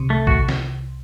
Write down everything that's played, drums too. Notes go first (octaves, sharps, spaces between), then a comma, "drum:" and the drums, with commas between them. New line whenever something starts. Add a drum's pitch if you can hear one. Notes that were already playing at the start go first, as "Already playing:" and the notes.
Already playing: C2 C3
A3
F#4, drum: kick
drum: snare